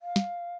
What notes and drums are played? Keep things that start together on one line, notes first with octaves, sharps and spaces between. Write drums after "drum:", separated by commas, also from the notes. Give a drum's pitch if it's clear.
F5
drum: snare